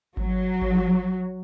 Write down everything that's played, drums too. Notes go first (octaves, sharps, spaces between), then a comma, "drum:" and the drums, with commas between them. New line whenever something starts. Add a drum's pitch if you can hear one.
F#3, drum: kick G#1
drum: kick G#1